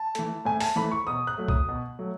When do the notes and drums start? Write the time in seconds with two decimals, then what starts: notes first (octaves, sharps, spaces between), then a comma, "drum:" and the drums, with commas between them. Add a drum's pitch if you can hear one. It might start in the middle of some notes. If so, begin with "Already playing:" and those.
Already playing: A5
0.15 E3 A3, drum: hi-hat
0.45 A2 G#5
0.60 A5, drum: open hi-hat
0.76 E3 A3 B5
0.91 C#6
1.07 B2 D#6
1.27 F#6
1.38 F#3 A3
1.48 D#6, drum: kick
1.68 B2
1.99 F#3 A3